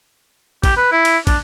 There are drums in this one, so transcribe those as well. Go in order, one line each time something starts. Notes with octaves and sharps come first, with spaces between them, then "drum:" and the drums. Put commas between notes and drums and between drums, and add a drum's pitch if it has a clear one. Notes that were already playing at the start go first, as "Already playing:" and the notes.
G4, drum: kick, cymbal
B4
E4
drum: cymbal
D4, drum: kick, cymbal